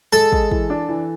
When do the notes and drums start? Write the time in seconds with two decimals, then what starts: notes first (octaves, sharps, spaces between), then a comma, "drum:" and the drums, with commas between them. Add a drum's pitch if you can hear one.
0.13 G#3 A4
0.32 G#3, drum: kick
0.51 E3, drum: kick
0.70 D4
0.89 E3